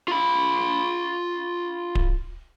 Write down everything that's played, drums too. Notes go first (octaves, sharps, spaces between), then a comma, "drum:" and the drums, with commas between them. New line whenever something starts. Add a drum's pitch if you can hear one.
F4 B5
drum: kick D1